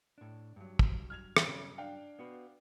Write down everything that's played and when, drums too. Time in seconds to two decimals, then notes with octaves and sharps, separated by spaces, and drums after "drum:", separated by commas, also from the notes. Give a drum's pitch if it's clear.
0.18 A2 D4
0.56 G2 F#3
0.79 drum: kick
1.10 F6 G#6 F7
1.37 drum: rim click
1.46 E1 C#3 D7
1.78 D4 F5 G5
2.19 B3 F#4 B4